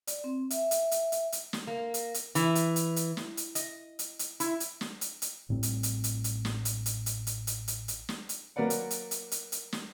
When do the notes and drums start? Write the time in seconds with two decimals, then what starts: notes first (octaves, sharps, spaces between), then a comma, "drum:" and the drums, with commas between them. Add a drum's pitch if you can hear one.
0.07 D5, drum: hi-hat
0.24 C4
0.50 E5, drum: hi-hat
0.71 drum: hi-hat
0.91 drum: hi-hat
1.12 drum: hi-hat
1.32 drum: hi-hat
1.53 drum: snare
1.67 A#3
1.94 drum: hi-hat
2.14 drum: hi-hat
2.35 E3, drum: hi-hat
2.55 drum: hi-hat
2.76 drum: hi-hat
2.96 drum: hi-hat
3.17 drum: snare
3.37 drum: hi-hat
3.55 D#5, drum: hi-hat
3.99 drum: hi-hat
4.19 drum: hi-hat
4.40 E4, drum: hi-hat
4.60 drum: hi-hat
4.81 drum: snare
5.01 drum: hi-hat
5.22 drum: hi-hat
5.49 A1 A2 G3 C4
5.63 drum: hi-hat
5.83 drum: hi-hat
6.04 drum: hi-hat
6.24 drum: hi-hat
6.45 drum: snare
6.65 drum: hi-hat
6.86 drum: hi-hat
7.06 drum: hi-hat
7.27 drum: hi-hat
7.47 drum: hi-hat
7.68 drum: hi-hat
7.88 drum: hi-hat
8.09 drum: snare
8.29 drum: hi-hat
8.56 F#3 A#3 B4 D5 F#5
8.70 drum: hi-hat
8.91 drum: hi-hat
9.11 drum: hi-hat
9.32 drum: hi-hat
9.52 drum: hi-hat
9.72 drum: snare